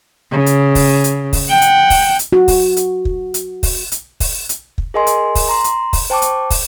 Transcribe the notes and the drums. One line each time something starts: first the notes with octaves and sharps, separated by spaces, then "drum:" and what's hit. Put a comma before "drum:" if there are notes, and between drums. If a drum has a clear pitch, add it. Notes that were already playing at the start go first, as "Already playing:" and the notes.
C#3
drum: hi-hat
drum: kick, open hi-hat
drum: hi-hat
drum: kick, open hi-hat
F#5 G5
drum: hi-hat
drum: kick, open hi-hat
drum: hi-hat
F#4
drum: kick, open hi-hat
drum: hi-hat
drum: kick
drum: hi-hat
drum: kick, open hi-hat
drum: hi-hat
drum: kick, open hi-hat
drum: hi-hat
drum: kick
G#4 A#4 D#5 G#5 C6
drum: hi-hat
drum: kick, open hi-hat
A#5 C6
drum: hi-hat
drum: kick, open hi-hat
C5 G5 A5 C#6 D6
drum: hi-hat
drum: kick, open hi-hat